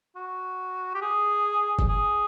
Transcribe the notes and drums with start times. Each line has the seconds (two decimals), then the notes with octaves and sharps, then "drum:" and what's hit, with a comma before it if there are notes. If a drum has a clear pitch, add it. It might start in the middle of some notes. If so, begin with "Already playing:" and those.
0.16 F#4
0.94 G4
1.02 G#4
1.79 drum: kick F#1
1.89 G#4